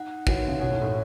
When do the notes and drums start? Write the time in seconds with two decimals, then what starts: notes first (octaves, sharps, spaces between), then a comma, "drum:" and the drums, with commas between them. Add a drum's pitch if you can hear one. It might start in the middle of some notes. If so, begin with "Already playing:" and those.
Already playing: D#4 F#5
0.27 E3 F#4 C#5 F#5, drum: kick
0.38 D#3
0.48 C#3
0.59 B2 F#4 C#5 F#5
0.71 A2
0.81 A2